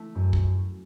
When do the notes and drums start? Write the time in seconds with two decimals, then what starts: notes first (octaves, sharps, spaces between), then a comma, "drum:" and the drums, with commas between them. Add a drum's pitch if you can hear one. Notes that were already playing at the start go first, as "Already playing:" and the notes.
Already playing: A3 E4
0.15 F#2
0.33 drum: kick